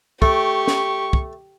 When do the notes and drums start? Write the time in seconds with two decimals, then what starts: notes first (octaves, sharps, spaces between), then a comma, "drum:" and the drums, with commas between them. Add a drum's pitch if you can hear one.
0.22 A3 G4 C#6, drum: kick
0.68 drum: snare
1.13 drum: kick